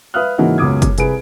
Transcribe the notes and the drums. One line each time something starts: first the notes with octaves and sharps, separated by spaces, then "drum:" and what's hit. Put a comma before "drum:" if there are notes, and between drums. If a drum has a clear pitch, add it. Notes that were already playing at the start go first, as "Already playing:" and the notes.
B4 E5 F5 D#6 F6 F#6
G#2 C#3 E3 A#3 D#4 F#4
C#2 F#2 B3 D6 D#6 G#6
drum: kick F#1, hi-hat
C2 G#4 B4 D7, drum: hi-hat